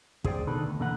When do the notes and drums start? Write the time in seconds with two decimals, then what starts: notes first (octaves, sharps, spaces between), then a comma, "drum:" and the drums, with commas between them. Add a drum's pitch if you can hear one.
0.24 C#2 G#4 C5 D5 G5, drum: kick
0.47 B2 D3 D#3 A4 B4
0.63 D2
0.79 E2 B2 D3 A#3 B4 F#5